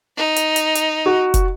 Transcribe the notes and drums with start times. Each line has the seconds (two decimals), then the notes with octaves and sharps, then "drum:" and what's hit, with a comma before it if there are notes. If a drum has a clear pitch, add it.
0.17 D#4
0.36 drum: hi-hat
0.56 drum: hi-hat
0.75 drum: hi-hat
1.06 F#4
1.34 drum: kick, hi-hat